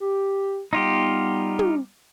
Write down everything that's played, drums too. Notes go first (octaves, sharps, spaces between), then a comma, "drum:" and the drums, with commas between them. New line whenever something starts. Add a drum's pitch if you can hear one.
G4
G3 B3 D#4 F4 G4
drum: tom